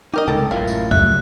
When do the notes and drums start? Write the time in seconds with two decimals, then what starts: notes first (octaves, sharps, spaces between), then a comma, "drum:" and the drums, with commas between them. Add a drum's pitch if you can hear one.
0.14 D#4 G4 A#4 D#5
0.28 C#2 G2 C3 A4 G5 A5
0.51 A1 F#2 E4 F4 A#4 F5
0.67 drum: tambourine
0.91 C#2 F#2 G3 A3 E5 F#6, drum: kick C#2